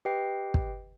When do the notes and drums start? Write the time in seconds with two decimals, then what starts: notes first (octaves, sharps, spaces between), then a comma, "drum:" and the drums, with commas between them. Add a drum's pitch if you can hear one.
0.05 G4 B4 D#5 G5 C7
0.54 drum: kick